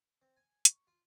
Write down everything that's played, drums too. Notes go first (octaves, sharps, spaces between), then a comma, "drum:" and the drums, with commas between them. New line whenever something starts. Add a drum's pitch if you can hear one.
C4
G#5
C#6, drum: hi-hat
F4